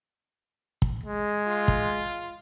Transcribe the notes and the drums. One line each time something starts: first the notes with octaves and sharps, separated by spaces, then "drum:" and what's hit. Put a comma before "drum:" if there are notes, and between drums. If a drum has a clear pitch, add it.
drum: kick
G#3
F4
drum: kick